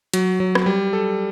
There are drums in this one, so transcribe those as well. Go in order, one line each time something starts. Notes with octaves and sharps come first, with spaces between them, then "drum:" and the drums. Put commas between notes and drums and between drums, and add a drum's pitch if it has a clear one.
F#3, drum: hi-hat
F#3
drum: rim click
G3
A4